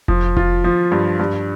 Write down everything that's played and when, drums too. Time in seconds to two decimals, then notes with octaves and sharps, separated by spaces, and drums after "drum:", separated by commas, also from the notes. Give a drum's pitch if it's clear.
0.08 F3, drum: kick F1
0.37 F4, drum: kick F1
0.64 F3
0.92 G2
1.19 G2